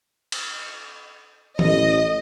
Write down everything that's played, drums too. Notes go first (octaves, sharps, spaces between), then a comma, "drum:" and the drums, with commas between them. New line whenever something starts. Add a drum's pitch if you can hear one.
drum: cymbal
A1 D#5, drum: tom D#3